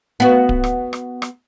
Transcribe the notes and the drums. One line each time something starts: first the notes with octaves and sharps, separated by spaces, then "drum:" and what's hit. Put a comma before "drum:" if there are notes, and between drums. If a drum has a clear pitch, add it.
B3 F#4
drum: kick D1
drum: rim click
drum: rim click
drum: rim click